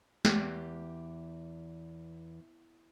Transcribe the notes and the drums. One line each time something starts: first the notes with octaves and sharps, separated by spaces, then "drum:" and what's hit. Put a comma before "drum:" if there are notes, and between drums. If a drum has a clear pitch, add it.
E2 G4, drum: snare